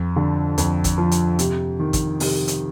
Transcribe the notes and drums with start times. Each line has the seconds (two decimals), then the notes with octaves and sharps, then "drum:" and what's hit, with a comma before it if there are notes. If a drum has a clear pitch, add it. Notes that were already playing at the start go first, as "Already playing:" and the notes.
Already playing: F2
0.16 D3
0.58 F2, drum: hi-hat
0.84 drum: kick, hi-hat
0.98 F3
1.11 drum: hi-hat
1.39 C3, drum: hi-hat
1.79 D#3
1.93 drum: kick, hi-hat
2.20 C3, drum: open hi-hat
2.48 drum: hi-hat